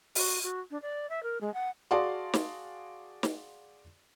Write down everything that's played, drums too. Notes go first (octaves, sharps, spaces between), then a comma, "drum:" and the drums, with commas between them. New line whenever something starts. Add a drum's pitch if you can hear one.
F#4, drum: open hi-hat
F#4
D4
D5
E5
A#4
G#3
F#5
F#4 G#4 D5 F5 A5 C6
drum: snare
drum: snare